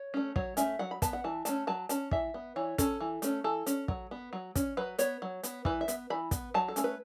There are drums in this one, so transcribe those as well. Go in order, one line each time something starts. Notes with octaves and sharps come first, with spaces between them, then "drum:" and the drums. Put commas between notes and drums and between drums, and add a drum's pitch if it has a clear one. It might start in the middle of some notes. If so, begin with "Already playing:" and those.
Already playing: C#5
A3 C#4
F#3 C#5, drum: kick
A3 C#4 E5, drum: hi-hat
F#3 F#5
B5
B3 A5, drum: kick, hi-hat
F#5
E3 A5
A3 C#4 A5, drum: hi-hat
F#3 A5
C#4 A5, drum: hi-hat
E3 E5, drum: kick
B3
E3 C#5
C#4 A4, drum: kick, hi-hat
E3
A3 C#4, drum: hi-hat
E3 A4
C#4, drum: hi-hat
F#3, drum: kick
B3
F#3
C#4, drum: kick, hi-hat
F#3 B4
B3 C#5, drum: hi-hat
F#3
B3, drum: hi-hat
E3 B4, drum: kick
E5
B3, drum: hi-hat
E3 B5
B3, drum: kick, hi-hat
F#3 A5
A4
A3 C#4, drum: hi-hat
B4